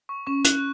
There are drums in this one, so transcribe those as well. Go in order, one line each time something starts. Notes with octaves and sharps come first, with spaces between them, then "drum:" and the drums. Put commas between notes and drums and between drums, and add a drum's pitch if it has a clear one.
C#6
C#4 C#6
F#6, drum: hi-hat